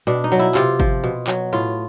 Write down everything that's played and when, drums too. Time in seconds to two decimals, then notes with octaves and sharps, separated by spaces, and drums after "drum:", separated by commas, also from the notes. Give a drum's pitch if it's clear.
0.07 B2 D4
0.24 D#4
0.32 F#3
0.39 E4
0.55 C3 F4, drum: clap
0.80 F3, drum: kick G1
1.04 B2
1.27 F#3, drum: clap
1.53 A2 F4